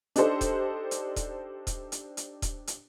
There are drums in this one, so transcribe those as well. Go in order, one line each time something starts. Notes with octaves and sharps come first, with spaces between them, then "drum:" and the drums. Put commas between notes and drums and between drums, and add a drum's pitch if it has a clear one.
D4 D#4 G4 A4 C5, drum: hi-hat
drum: kick D#1, hi-hat
drum: hi-hat
drum: kick D#1, hi-hat
drum: kick D#1, hi-hat
drum: hi-hat
drum: hi-hat
drum: kick D#1, hi-hat
drum: hi-hat